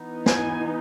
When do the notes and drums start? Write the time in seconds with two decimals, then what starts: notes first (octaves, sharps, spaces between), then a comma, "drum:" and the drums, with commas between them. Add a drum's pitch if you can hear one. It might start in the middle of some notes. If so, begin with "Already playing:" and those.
Already playing: E3 B3 D#4
0.26 G#5, drum: snare